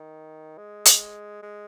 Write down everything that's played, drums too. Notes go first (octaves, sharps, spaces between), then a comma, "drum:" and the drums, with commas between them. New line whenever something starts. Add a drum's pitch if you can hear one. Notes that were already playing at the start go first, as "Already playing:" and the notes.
Already playing: D#3
G#3
drum: hi-hat
G#3